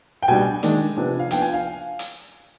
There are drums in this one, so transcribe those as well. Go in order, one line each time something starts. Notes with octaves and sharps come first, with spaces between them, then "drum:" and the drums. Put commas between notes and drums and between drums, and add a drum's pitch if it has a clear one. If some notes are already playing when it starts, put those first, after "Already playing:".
G5
B2 G3 D4 G#5
D#3 G#3 D4, drum: hi-hat
C3 F3 B3 D4
F5
F3 B3 D4 G5, drum: hi-hat
G#5
F5
drum: hi-hat